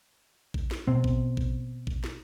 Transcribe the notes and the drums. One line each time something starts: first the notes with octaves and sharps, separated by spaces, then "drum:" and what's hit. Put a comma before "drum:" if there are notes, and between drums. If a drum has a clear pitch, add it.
drum: kick A1
drum: snare
B2 C4
drum: kick A1
drum: kick A1
drum: kick A1
drum: snare